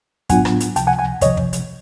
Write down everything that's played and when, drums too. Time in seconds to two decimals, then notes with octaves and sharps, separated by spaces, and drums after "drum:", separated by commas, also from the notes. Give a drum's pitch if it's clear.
0.29 A2 F#3 B3 D4 F4 F#5 G#5, drum: kick, hi-hat
0.45 drum: rim click
0.60 drum: hi-hat
0.76 C#2 C3 F3 G5 A5, drum: hi-hat
0.87 F#5 G#5
0.99 F#5 G#5
1.21 C#2 C3 F3 C#5 D#5, drum: kick, hi-hat
1.37 drum: kick
1.53 drum: hi-hat